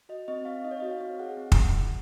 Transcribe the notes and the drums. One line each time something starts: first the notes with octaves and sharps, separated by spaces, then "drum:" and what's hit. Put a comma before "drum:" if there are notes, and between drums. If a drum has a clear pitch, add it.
F#4 D#5
C4 D#5
C4 F5
D#4 D#5
C#5
F#4 D#5
F5
C4
G#4 F#5
C4
drum: kick